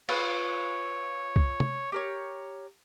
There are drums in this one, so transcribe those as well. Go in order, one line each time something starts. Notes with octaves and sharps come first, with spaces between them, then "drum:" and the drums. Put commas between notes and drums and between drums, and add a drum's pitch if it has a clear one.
F4 B4 C#5, drum: cymbal
drum: kick C2
drum: tom
G4 A#4 C#5